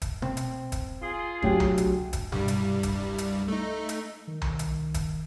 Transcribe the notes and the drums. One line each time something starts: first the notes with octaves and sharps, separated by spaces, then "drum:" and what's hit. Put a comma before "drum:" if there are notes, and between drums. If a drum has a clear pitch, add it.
drum: kick, hi-hat
C4, drum: tom B2
drum: hi-hat
drum: kick, hi-hat
F4 G#4
D2 F#3 G4, drum: kick
drum: tom C2
drum: hi-hat
drum: kick, hi-hat
C2 G2 G3, drum: tom B2
drum: hi-hat
drum: kick, hi-hat
drum: hi-hat
A3 D#4
drum: hi-hat
D#3
drum: tom C2
drum: hi-hat
drum: kick, hi-hat